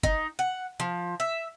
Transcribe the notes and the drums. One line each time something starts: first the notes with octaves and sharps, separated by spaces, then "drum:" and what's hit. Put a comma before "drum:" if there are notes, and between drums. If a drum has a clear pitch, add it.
D#4, drum: kick
F#5
F3
E5